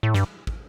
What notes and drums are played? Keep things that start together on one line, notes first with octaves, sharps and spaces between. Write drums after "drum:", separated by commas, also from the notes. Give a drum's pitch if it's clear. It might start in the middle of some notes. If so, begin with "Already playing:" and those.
A2
G2, drum: snare
drum: kick